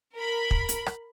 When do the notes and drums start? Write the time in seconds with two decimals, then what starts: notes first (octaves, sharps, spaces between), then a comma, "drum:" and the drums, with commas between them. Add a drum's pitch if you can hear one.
0.15 A#4 B5
0.51 drum: kick
0.69 drum: hi-hat
0.86 drum: rim click